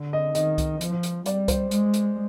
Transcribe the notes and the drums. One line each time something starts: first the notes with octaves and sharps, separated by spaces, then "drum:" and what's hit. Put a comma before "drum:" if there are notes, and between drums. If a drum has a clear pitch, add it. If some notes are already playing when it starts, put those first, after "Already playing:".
Already playing: D3
D#5
D#3 D#5, drum: hi-hat
drum: kick C2, hi-hat
F3, drum: hi-hat
drum: hi-hat
G3 D5, drum: hi-hat
C5, drum: kick C2, hi-hat
G#3, drum: hi-hat
drum: hi-hat